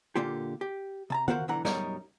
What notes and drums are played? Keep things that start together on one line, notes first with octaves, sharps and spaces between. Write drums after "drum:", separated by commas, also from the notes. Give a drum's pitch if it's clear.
A#2 D3 A#3 F4 G4
G4
C3 A5 A#5
F#4 A#4 C5 F5 F#5, drum: tom
B1 D3 E3 F#5 A#5
F#2 B2 G3 D#4 A#4 C#5, drum: snare